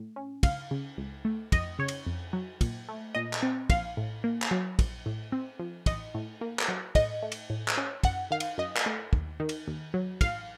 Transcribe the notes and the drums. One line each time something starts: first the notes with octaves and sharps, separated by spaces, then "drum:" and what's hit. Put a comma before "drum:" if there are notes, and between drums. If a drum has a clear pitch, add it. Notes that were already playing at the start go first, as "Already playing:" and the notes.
Already playing: A2
C#4
C#2 F5, drum: kick, cymbal
C#3
C#2
A3
F2 D#5, drum: kick, cymbal
C#3 C#5
drum: cymbal
F2
F#3
A#2, drum: kick, cymbal
A3
A#2 D#5
drum: clap
C4
A#1 F5, drum: kick, cymbal
A2
A#3
drum: clap
F#3
A#1, drum: kick, cymbal
A2
C4
F3
A1 D#5, drum: kick, cymbal
A2
A#3
drum: clap
F#3
A2 D#5, drum: kick, cymbal
A3
drum: cymbal
A2
drum: clap
C#4
F#2 F#5, drum: kick, cymbal
D#3 F5
drum: cymbal
F#2 D#5
drum: clap
A3
D#2, drum: kick
D#3
drum: cymbal
D#2
F#3
A1 F5, drum: kick, cymbal